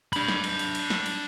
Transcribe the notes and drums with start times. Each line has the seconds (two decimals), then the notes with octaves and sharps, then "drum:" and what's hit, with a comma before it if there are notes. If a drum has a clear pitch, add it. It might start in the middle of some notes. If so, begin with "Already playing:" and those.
0.13 D4 B5, drum: cymbal
0.28 drum: snare
0.44 drum: cymbal
0.59 drum: cymbal
0.75 drum: cymbal
0.90 drum: snare
1.06 drum: cymbal